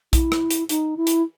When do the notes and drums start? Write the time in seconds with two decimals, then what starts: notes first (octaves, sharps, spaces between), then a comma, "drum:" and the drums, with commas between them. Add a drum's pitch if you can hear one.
0.13 E4, drum: kick A#1, hi-hat
0.32 drum: rim click
0.51 drum: hi-hat
0.69 D#4, drum: hi-hat
0.97 E4
1.07 drum: hi-hat